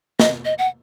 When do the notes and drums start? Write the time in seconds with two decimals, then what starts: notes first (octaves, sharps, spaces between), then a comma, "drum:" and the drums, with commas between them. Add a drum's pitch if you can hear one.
0.20 D#5, drum: snare
0.45 D#5
0.58 F#5